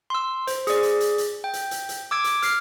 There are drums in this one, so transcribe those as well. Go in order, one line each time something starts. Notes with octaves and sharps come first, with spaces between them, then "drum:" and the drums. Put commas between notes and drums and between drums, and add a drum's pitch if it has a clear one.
C6 E6
C5, drum: hi-hat
G#4 D5, drum: hi-hat
drum: hi-hat
drum: hi-hat
drum: hi-hat
G5
drum: hi-hat
drum: hi-hat
drum: hi-hat
D6 E6 G#6 D7
drum: hi-hat
F6 C7, drum: hi-hat